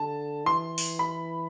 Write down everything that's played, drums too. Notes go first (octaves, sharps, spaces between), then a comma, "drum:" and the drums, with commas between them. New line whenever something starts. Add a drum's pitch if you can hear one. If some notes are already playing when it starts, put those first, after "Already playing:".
Already playing: D3 A5
E3 C6
drum: open hi-hat
B5